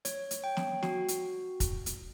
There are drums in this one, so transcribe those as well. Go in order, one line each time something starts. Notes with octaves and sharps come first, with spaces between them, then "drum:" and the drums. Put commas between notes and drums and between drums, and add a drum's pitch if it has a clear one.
C#5, drum: hi-hat
drum: hi-hat
G5
drum: snare
F#4, drum: snare
drum: hi-hat
drum: kick, hi-hat
drum: hi-hat